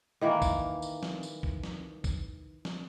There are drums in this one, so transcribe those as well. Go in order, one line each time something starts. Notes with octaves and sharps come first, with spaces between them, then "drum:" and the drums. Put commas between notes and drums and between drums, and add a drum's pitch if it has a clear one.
D#3 E3 A#3
drum: kick A#1, tambourine
drum: tambourine
drum: snare
drum: tambourine
drum: kick A#1
drum: snare
drum: kick A#1, tambourine
drum: snare